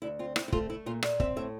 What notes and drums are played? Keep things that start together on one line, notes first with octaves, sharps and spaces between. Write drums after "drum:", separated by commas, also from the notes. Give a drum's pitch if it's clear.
D2 E4
C4 F4
C4 E4, drum: rim click
E4
A3 F4, drum: kick
A3 E4
A#2 F4
A#2 E5, drum: rim click
C4 E5, drum: kick
A2 E5